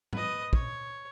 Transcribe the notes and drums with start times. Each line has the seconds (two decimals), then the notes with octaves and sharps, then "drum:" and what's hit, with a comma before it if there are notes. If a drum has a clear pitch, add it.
0.13 B4 D#5, drum: tom G#2
0.53 C#5, drum: kick